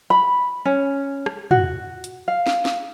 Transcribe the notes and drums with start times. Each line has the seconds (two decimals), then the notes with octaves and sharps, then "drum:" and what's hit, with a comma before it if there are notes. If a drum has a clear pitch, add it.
0.10 B5
0.65 C#4
1.26 drum: rim click
1.51 F#4, drum: tom
2.04 drum: hi-hat
2.28 F5
2.47 drum: snare
2.65 drum: snare